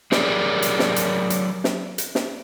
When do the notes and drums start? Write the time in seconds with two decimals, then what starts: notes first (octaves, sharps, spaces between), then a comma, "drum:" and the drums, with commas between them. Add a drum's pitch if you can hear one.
0.12 F#3 G4 G#4 A#4 C#5 D5, drum: snare
0.62 drum: hi-hat
0.79 drum: snare
0.96 drum: hi-hat
1.30 drum: hi-hat
1.64 drum: snare
1.98 drum: hi-hat
2.15 drum: snare